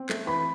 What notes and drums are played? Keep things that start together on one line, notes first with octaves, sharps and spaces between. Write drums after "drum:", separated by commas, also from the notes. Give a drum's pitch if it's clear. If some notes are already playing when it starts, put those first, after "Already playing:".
Already playing: C4
A3, drum: clap
E3 B5